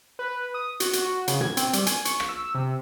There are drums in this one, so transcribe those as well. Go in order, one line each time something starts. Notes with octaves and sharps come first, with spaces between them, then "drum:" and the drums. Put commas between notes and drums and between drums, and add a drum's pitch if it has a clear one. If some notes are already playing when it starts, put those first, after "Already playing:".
B4
D#6
F#4, drum: hi-hat
drum: hi-hat
F#4
C#3, drum: hi-hat
G#6, drum: tom
C4, drum: hi-hat
G3, drum: hi-hat
G#5, drum: hi-hat
C#6, drum: hi-hat
drum: rim click
E6
C3